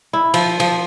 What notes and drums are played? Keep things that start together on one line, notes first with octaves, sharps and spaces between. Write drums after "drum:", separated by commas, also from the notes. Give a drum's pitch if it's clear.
E4
F3, drum: cymbal
F3, drum: cymbal